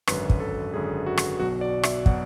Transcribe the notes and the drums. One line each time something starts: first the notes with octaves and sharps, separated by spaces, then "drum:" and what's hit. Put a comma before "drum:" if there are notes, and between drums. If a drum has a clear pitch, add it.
G#1 F#2 D3 B4, drum: rim click
drum: kick
A4
G#1 F#2 D3 G#4
F#4
drum: rim click
B1 B2 F#3 F#4
D5
E5, drum: rim click
B2 F#3 F#5, drum: kick